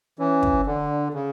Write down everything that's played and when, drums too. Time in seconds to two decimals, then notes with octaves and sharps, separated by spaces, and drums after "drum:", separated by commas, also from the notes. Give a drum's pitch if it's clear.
0.19 E3 C#4
0.43 drum: kick
0.66 D3 D4
1.13 C#3